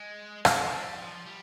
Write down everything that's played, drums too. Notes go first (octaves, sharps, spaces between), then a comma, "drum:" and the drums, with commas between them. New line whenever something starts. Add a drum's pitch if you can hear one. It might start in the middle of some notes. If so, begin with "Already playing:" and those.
Already playing: G#3
G#3, drum: rim click
G3
F3
G3